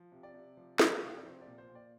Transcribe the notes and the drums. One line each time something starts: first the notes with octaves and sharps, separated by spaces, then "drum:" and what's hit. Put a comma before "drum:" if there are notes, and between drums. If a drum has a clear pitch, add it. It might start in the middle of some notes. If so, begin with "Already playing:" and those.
Already playing: F3
C3
D5
C3
F3
F3, drum: snare
C3 F5
E5
D5
F3 C5
D5
A#2
C5
A#2
D5